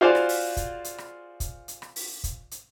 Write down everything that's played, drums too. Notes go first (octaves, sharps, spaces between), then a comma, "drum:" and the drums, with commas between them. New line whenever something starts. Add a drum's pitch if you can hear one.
F4 F#4 G#4 C5 D5 F5
drum: rim click
drum: open hi-hat
drum: kick, hi-hat
drum: hi-hat
drum: rim click
drum: kick, hi-hat
drum: hi-hat
drum: rim click
drum: open hi-hat
drum: kick, hi-hat
drum: hi-hat